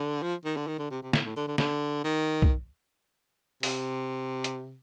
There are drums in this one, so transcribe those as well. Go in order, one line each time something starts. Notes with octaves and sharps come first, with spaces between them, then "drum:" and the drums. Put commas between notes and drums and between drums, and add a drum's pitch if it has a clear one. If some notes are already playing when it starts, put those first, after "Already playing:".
Already playing: D3
F3
D#3
D3
D#3
D3
C3
C3
A2, drum: snare
A2
D3
D3
D3, drum: snare
D#3
drum: kick B1
C3, drum: open hi-hat
drum: hi-hat